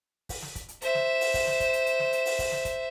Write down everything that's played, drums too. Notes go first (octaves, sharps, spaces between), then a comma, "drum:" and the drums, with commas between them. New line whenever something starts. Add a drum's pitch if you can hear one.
drum: kick, open hi-hat
drum: snare
drum: kick, hi-hat
drum: hi-hat
C5 E5, drum: hi-hat
drum: snare
drum: open hi-hat
drum: kick, open hi-hat
drum: snare
drum: kick, hi-hat
drum: hi-hat
drum: hi-hat
drum: snare
drum: hi-hat
drum: open hi-hat
drum: kick, open hi-hat
drum: snare
drum: kick, hi-hat